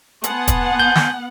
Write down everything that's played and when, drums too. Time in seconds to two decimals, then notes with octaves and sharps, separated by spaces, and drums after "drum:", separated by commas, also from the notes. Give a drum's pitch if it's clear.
0.24 B3 F#5 G#5 A5 C6, drum: hi-hat
0.48 drum: kick, hi-hat
0.80 G6
0.95 drum: snare